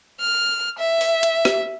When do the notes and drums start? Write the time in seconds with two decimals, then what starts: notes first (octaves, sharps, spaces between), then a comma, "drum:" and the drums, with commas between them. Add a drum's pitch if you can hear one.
0.20 F6
0.79 E5
1.01 drum: open hi-hat
1.23 drum: hi-hat
1.45 drum: rim click